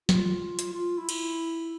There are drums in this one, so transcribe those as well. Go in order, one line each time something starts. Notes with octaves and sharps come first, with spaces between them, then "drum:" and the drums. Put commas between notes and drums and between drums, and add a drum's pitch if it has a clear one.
F4, drum: snare
drum: hi-hat
F4
E4
drum: cymbal